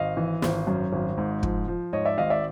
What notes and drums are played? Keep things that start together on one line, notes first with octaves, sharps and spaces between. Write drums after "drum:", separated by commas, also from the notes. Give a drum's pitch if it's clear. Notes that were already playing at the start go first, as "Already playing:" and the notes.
Already playing: G#1 D#5 F5
E3
G#1, drum: snare
F#2
G#1
G#2
F3, drum: kick
F3
G#2 C#5 D#5
D5 E5
G#1 D#5 F5
D5 E5